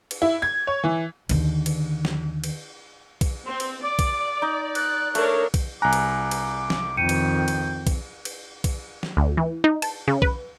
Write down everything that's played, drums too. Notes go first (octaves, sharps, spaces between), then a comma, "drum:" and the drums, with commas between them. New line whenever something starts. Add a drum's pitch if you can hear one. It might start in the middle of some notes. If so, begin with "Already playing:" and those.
drum: cymbal
E4
G#6
C#5
E3
D#2 D3, drum: cymbal
drum: cymbal
drum: snare
drum: cymbal
drum: kick B1, cymbal
C4 C6
drum: cymbal
D5 D6
drum: kick B1, cymbal
D#4
F#6, drum: cymbal
A3 D4 A#4 C#5, drum: cymbal
drum: kick B1, cymbal
C2 G#5 A#5 D6 F#6
drum: cymbal
drum: cymbal
drum: snare
F2 D#3 G5 C#7 D#7
drum: cymbal
drum: cymbal
drum: kick B1, cymbal
drum: cymbal
drum: kick B1, cymbal
drum: snare
D2
E3
D#4
A5, drum: cymbal
C#3
B4, drum: kick B1